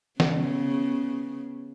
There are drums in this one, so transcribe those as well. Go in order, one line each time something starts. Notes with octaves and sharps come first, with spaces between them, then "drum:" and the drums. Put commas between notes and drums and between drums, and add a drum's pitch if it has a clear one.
C#3 B3, drum: snare